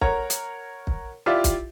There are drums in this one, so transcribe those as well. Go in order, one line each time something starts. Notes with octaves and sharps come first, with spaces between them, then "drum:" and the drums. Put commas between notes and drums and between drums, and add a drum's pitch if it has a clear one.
A#4 C#5 F#5 A#5, drum: kick
drum: hi-hat
drum: kick
E4 F4 G4 D5 E5
drum: kick, hi-hat